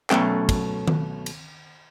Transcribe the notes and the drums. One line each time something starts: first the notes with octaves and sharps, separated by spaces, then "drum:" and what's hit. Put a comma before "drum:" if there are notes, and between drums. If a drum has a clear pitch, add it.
B2 F#3 A3 C#4 A4 G5, drum: clap
drum: kick, cymbal
drum: tom D#3
drum: cymbal